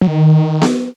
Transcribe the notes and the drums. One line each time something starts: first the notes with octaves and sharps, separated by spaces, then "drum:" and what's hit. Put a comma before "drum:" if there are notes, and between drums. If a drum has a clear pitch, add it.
F#3
D#3
drum: snare B3